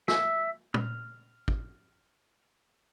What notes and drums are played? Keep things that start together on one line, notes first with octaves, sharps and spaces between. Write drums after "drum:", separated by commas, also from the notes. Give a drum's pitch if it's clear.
E5, drum: snare
F6, drum: tom
drum: kick